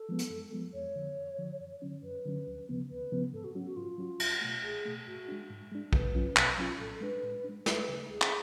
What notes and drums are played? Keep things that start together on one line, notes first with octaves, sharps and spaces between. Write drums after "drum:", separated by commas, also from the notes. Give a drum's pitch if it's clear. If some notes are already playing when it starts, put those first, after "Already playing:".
Already playing: A4
F3 G#3 B3
drum: hi-hat
F#2
F3 G#3 B3
F2 C#5
D3 F3
F2
D3 F3
F#2
D3 F#3 C#4
F#2 B4
D3 F#3 C#4
D2
C#3 F3 B3
D2 B4
C#3 F3 B3
G#2 A4
F#4
F#3 C#4 F#4
F#4
G#2 F4
F#3 C#4 F#4
C#2, drum: cymbal
B2 A3
C#2 G#4
B2 A3
G#2 F#4
G#3 D4
G#2
G#3 D4
B2 B4, drum: kick A#1
F#3 C#4 F4
B2, drum: clap
F#3 C#4 F4
A2 A4
G#3 D4 B4
A2
G#3 D4
D2 B4, drum: snare
C#3 F#3
D2 G#4
drum: clap